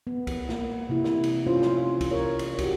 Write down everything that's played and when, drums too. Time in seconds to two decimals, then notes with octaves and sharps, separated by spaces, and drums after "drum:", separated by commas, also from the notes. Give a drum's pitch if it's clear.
0.07 B3
0.27 drum: kick, cymbal
0.49 A#3, drum: snare
0.89 C3 E4
1.04 drum: snare
1.24 drum: cymbal
1.46 C#4 F4 C5
1.62 drum: snare
2.01 drum: kick, cymbal
2.11 A#4 C#5
2.39 drum: cymbal
2.59 F#4 G4, drum: kick, cymbal